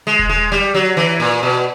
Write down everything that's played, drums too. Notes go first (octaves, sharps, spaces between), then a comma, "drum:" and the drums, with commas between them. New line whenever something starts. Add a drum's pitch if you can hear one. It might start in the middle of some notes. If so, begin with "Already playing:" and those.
G#3
drum: kick E1
G#3
G3
F#3
E3
A#2
B2